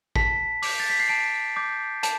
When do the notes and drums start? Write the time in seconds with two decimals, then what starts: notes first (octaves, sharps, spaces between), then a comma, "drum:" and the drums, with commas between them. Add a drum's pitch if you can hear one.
0.16 A5 B6, drum: kick
0.62 D6 G6, drum: open hi-hat
0.80 A6
0.90 B6
1.00 C7
1.09 A5 D7
1.56 D6 G6
2.03 A5, drum: hi-hat